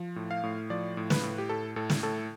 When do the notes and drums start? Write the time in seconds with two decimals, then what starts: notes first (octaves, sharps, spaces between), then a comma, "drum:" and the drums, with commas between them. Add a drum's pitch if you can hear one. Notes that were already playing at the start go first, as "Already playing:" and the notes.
Already playing: F3
0.16 A2
0.31 F5
0.43 A2
0.70 F3 D5
0.97 A2
1.10 B4, drum: snare
1.23 A2
1.38 G4
1.49 A2 A4
1.76 A2 A4
1.90 drum: snare
2.03 A2 A4